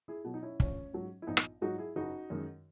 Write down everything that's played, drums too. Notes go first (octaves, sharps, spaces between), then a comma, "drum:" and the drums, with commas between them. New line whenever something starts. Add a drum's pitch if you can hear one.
E4 G#4
B2 F#3
D#4
C#4 E4
A#1 C#4, drum: kick
G#2 F#3
E4
A#1 B3 D#4
drum: rim click
G#2 F#3 D#4 F#4
E4 G#4
F#1 D#4 F#4
F#2 D#3 G#3